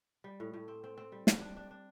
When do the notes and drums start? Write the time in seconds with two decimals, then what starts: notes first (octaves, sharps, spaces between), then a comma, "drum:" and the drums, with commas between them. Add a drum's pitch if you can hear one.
0.24 G3
0.40 A2
0.53 A2
0.68 C4
0.84 C4
0.97 C4
1.12 G3
1.27 G3, drum: snare
1.41 D4
1.57 D4
1.71 D4